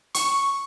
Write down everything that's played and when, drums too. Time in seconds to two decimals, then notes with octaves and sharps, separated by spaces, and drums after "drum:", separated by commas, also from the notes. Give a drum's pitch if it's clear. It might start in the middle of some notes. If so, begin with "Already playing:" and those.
0.15 C#6, drum: hi-hat